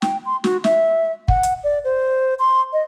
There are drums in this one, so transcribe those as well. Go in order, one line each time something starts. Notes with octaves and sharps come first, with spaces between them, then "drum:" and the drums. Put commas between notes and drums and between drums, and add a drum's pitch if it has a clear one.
G5, drum: snare
C6
F#4, drum: snare
E5, drum: snare
F#5, drum: kick
drum: hi-hat
D5
C5
C6
D#5